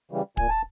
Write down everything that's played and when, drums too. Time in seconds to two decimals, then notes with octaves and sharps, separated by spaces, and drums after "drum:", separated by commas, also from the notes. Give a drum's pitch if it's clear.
0.11 C#3 E3 G3
0.37 A#2 G#5, drum: kick
0.49 A5